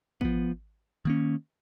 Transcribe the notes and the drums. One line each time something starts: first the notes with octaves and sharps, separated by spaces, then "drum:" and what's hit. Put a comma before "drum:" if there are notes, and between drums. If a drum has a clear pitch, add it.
F3 B3, drum: kick
D#3 A#3 C#4